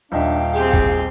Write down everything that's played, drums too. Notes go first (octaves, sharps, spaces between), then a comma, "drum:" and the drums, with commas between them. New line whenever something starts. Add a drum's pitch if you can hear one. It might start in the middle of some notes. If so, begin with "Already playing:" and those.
D#1 D4 D#4 E5 F5 G5
C4 G4 G#4
drum: kick